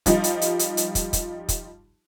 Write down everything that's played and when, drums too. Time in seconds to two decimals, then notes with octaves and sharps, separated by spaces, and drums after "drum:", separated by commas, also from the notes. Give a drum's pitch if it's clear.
0.06 F3 G3 D#4, drum: kick, hi-hat
0.24 drum: hi-hat
0.42 drum: hi-hat
0.59 drum: hi-hat
0.77 drum: hi-hat
0.95 drum: kick, hi-hat
1.13 drum: kick, hi-hat
1.49 drum: kick, hi-hat